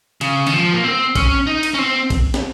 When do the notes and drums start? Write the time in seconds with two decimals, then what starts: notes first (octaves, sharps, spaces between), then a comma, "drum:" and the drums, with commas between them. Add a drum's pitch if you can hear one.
0.21 C#3, drum: cymbal
0.47 D#3, drum: cymbal
0.53 F3
0.73 A#3
0.84 C4
1.15 C#4, drum: kick A#1, cymbal
1.47 D#4
1.63 drum: cymbal
1.74 C#4
1.79 C4
2.10 drum: kick A#1, cymbal
2.34 drum: snare